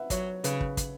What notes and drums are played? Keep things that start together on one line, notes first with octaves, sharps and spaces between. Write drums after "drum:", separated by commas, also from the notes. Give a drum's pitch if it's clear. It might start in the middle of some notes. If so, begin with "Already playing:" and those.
Already playing: B4 E5 F#5
F#3 C#5, drum: kick, hi-hat
C#3 B4, drum: hi-hat
drum: kick
drum: kick, hi-hat